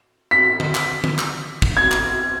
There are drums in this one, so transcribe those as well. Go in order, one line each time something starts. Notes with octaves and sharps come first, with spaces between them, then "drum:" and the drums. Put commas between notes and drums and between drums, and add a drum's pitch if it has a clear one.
B6
drum: tom D3
drum: clap
drum: tom D3
drum: clap
drum: kick
G#6
drum: clap